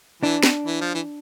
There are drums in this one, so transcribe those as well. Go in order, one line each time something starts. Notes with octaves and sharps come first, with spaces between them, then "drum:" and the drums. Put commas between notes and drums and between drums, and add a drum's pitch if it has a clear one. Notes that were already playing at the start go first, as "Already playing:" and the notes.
E3 D4
drum: snare
E3
F3
E3